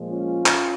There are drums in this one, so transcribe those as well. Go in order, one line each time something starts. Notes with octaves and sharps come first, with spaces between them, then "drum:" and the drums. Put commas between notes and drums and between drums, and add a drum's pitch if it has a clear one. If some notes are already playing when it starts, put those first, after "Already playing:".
Already playing: A#2 F3 G#3
C#4 F4
drum: clap